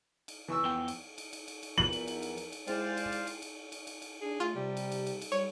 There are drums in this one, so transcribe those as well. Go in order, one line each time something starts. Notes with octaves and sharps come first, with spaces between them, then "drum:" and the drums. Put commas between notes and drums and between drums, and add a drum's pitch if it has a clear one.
drum: cymbal
E3 C#6 E6
F2 B3 G5
drum: cymbal
drum: cymbal
drum: cymbal
drum: cymbal
drum: cymbal
E2 F3 D#4 A#4 F#7
drum: cymbal
drum: cymbal
drum: cymbal
drum: cymbal
drum: cymbal
G#3 E4 G#4 C5 D5 F5 G5, drum: cymbal
drum: cymbal
drum: cymbal
drum: cymbal
drum: cymbal
drum: cymbal
drum: cymbal
drum: cymbal
D4 G#4
A3 F4
C3 G3
drum: cymbal
drum: cymbal
drum: cymbal
drum: cymbal
G3 C#5